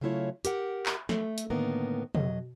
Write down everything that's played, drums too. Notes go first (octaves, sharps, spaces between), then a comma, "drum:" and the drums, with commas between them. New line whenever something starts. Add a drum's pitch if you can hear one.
C#3 F#3 A3 E4 F4 C#5
G4 A#4 F#5, drum: hi-hat
drum: clap
A3, drum: snare
drum: hi-hat
A2 D3 D#3 A#3 B3 A#4
F2 F#3 D#5, drum: tom